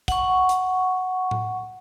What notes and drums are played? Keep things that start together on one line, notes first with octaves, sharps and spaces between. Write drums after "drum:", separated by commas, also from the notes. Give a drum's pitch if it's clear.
F#5 C#6, drum: kick, hi-hat
drum: hi-hat
drum: tom A2